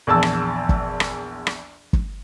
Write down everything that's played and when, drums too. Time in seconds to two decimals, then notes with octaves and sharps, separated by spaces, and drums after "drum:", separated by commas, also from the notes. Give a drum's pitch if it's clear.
0.07 A#1 E2 A5 E6
0.23 drum: rim click
0.69 drum: kick
1.00 drum: rim click
1.47 drum: rim click
1.93 drum: kick